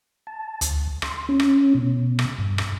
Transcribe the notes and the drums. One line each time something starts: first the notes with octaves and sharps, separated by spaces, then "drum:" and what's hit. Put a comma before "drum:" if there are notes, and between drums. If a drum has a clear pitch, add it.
A5
D2, drum: hi-hat
C6, drum: rim click
C#4
drum: rim click
B2
drum: rim click
G2
drum: rim click